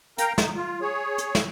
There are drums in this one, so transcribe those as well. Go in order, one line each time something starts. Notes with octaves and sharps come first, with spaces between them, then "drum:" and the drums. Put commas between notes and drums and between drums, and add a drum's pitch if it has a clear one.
A#4 F5 G5 A#5, drum: hi-hat
D#4, drum: snare
F4
G#4 C#5
drum: hi-hat
drum: snare